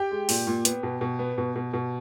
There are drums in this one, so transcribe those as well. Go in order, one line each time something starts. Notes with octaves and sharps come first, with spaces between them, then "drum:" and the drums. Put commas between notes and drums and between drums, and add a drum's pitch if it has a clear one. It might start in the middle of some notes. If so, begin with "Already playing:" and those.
Already playing: G4 G5
G#3
A#2, drum: open hi-hat
A#2
B3, drum: hi-hat
B2
B2
B3
B2
B2
B2